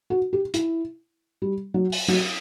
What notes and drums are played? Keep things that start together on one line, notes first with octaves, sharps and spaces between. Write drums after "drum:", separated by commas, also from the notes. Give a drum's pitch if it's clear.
F#4
G4
E4, drum: hi-hat
G3
F#3
drum: open hi-hat
F#3, drum: cymbal